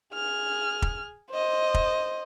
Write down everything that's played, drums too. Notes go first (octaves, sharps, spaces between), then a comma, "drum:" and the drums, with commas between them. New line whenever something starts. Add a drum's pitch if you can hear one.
G#4 F6
drum: kick
C5 D#5
drum: kick